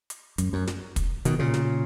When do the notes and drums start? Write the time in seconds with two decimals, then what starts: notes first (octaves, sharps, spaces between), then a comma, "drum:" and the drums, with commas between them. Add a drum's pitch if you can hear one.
0.10 drum: hi-hat
0.38 F#2, drum: hi-hat
0.53 F#2
0.67 drum: snare
0.96 drum: kick, hi-hat
1.25 B2 D#3, drum: hi-hat
1.39 A#2 C#3
1.54 drum: snare